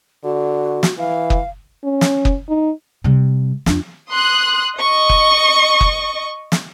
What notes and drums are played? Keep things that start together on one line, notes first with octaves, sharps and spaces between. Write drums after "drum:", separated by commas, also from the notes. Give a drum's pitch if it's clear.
D3 F#4
drum: snare
E3 F5
drum: kick
C#4
drum: snare
drum: kick
D#4
C3 G3
F2 D4, drum: snare
C6 D#6 F#6
D#5 C#6
drum: kick
drum: kick
drum: snare